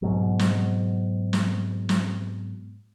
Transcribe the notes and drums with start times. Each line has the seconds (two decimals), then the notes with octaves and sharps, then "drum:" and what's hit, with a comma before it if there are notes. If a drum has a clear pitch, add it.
0.02 G#2 B2 F#3
0.39 drum: snare
1.33 drum: snare
1.89 drum: snare